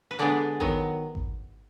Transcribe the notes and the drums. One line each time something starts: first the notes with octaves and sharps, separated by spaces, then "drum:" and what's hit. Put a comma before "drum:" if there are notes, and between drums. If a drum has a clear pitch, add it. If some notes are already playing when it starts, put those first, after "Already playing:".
B4
D3 G#3 B3 D5
D#3 F#3 B3, drum: kick G#1
drum: kick G#1